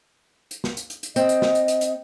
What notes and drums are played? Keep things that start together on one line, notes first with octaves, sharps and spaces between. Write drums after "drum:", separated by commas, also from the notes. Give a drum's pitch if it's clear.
drum: hi-hat
drum: snare
drum: hi-hat
drum: hi-hat
drum: hi-hat
C4 D#5, drum: hi-hat
drum: hi-hat
drum: snare
drum: hi-hat
drum: hi-hat
drum: hi-hat